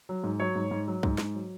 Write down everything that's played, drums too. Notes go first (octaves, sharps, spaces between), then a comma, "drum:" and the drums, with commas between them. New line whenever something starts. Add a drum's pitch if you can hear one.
F#3
G#2
F#3 C#5
G#2
G#2
F#3
G#2, drum: kick C2
G#2, drum: snare
F#3